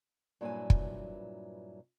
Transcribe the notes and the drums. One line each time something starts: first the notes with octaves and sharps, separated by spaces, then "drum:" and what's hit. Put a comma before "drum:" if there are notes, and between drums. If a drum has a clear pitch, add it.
G2 A#2 F#3 E4 B4 G#5
drum: kick